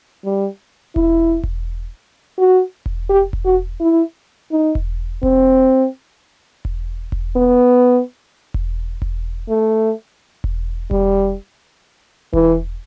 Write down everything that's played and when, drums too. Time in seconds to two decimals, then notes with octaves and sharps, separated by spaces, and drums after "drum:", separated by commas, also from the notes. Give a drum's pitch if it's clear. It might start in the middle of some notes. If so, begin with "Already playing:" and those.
0.25 G3
0.96 E4, drum: kick E1
1.44 drum: kick E1
2.38 F#4
2.86 drum: kick E1
3.10 G4
3.33 drum: kick E1
3.45 F#4
3.80 E4
4.52 D#4
4.75 drum: kick E1
5.23 C4, drum: kick E1
6.65 drum: kick E1
7.12 drum: kick E1
7.36 B3
8.54 drum: kick E1
9.02 drum: kick E1
9.49 A3
10.44 drum: kick E1
10.91 G3, drum: kick E1
12.33 E3, drum: kick E1